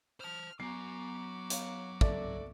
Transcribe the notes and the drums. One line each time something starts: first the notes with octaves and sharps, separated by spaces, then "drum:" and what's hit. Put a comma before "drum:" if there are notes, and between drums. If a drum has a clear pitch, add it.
C5 A5 F6
F#3 B3 F#4 G#5 A#5 D6 C7
C#5 F5, drum: hi-hat
A4 D5 E5, drum: kick